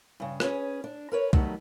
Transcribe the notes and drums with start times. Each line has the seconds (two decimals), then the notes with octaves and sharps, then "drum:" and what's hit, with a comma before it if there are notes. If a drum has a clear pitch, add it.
0.20 G2 C#3
0.40 C#4 G#4 B4, drum: rim click
0.84 D4
1.12 A#4 B4 C#5
1.33 D#3 F#3 G3 A3 B3, drum: kick C2